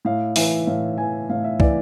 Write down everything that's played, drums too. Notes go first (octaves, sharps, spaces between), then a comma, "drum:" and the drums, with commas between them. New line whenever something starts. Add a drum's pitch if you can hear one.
A2 F5
E3 E5, drum: open hi-hat
A2 F5
E3 G#5
A2 F5
E5
E3 D5, drum: kick